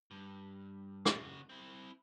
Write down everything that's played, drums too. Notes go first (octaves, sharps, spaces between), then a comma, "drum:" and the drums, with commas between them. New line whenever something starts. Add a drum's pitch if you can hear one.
G2
C#3 F#4, drum: rim click
C4 E4